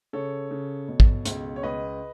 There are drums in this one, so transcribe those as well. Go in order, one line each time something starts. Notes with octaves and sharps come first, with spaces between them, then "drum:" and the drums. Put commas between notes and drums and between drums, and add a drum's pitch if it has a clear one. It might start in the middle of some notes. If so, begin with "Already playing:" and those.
C#3 A4 C#5
C#3
B2
drum: kick
C#2, drum: hi-hat
C#5
C#2 B4 D#5